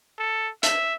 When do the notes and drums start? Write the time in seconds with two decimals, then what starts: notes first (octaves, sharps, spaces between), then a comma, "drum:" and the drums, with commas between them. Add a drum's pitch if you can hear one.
0.19 A4
0.63 E5, drum: hi-hat